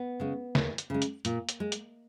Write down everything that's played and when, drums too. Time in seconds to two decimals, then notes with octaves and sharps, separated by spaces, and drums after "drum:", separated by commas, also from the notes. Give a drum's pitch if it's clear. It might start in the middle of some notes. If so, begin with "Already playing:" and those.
Already playing: B3
0.20 C#3 G#3
0.55 D#2, drum: snare
0.78 drum: hi-hat
0.90 C#3 G#3
1.02 drum: hi-hat
1.25 A#2, drum: hi-hat
1.49 drum: hi-hat
1.60 G#3
1.72 drum: hi-hat